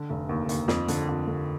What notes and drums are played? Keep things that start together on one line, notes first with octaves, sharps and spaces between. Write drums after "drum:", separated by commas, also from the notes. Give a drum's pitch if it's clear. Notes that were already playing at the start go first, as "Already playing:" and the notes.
Already playing: D3
F1
D#2
D#2, drum: hi-hat
F2, drum: snare
D3, drum: hi-hat
F2
D3